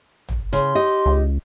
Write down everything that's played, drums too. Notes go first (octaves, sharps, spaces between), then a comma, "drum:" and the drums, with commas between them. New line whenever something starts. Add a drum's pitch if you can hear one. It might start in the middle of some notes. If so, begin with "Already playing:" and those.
drum: tom
C#3 C6, drum: hi-hat
D#4 G4 D#5
C#2